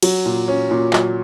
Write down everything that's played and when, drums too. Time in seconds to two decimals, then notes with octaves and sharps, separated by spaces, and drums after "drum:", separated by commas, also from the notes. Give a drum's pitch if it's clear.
0.03 F#3, drum: cymbal
0.26 A#2
0.48 C#4
0.71 A#2
0.93 F#3, drum: clap